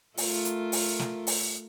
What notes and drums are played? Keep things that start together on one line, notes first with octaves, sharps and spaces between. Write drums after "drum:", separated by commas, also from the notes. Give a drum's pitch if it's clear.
A3 F4 A#4, drum: open hi-hat
drum: hi-hat
drum: open hi-hat
drum: snare
drum: open hi-hat